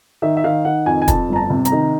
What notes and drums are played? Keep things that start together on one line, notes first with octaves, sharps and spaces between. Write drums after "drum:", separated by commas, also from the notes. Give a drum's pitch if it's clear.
D#3 E5
E5
D#3 F5
D#3 F#5
F2 G#5
G#5
F2 A5, drum: kick, hi-hat
G1 A#5
A5
C3
A#5, drum: hi-hat
D#3